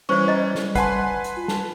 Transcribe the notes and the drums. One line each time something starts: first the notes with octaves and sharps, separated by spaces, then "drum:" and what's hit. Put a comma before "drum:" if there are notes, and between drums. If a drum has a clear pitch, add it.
E3 G3 C#4 E4 C5 C#6
C5 D#5 A#5
drum: snare
B4 F#5 G#5 A5 C6, drum: kick, hi-hat
drum: hi-hat
F4
A5, drum: snare